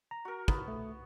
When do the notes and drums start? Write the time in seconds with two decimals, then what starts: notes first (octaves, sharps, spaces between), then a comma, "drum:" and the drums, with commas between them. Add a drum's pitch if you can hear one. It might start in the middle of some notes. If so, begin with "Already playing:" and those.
0.11 A#5
0.25 F#4 A#4
0.48 B3, drum: kick
0.68 A3